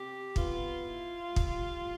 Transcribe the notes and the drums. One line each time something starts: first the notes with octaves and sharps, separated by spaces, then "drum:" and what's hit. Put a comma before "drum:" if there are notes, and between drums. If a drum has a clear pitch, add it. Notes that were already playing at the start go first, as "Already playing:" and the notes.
Already playing: C3 G4
B3 F4, drum: kick
E4
G3
drum: kick
A2